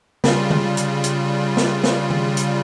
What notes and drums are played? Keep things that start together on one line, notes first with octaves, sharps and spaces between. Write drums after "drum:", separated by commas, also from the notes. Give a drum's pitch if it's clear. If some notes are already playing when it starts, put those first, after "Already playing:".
C#3 G3 F4, drum: snare
drum: tom D3
drum: hi-hat
drum: hi-hat
drum: snare
drum: snare
drum: tom D#3
drum: hi-hat